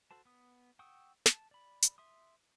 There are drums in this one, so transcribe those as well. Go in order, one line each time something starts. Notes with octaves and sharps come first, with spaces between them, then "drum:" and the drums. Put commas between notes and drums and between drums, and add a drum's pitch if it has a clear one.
F#4 A4 C5 A5
B3 D#6
F#5 G5 C#6 D#6 E6
A5, drum: snare
D5 B5
drum: hi-hat
E5 C6 D#6